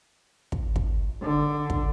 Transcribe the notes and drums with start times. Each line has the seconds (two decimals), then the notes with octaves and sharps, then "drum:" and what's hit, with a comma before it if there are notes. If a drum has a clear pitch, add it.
0.52 drum: kick
0.76 drum: kick
1.23 D3
1.70 drum: kick